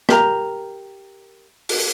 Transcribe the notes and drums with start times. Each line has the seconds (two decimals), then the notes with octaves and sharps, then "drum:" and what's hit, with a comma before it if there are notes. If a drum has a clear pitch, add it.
0.09 G4 A#4 A#5, drum: rim click
1.69 drum: open hi-hat